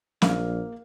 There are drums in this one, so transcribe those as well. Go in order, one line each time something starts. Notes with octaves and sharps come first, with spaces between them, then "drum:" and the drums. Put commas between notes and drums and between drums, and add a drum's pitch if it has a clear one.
A#1 A#3 F5, drum: snare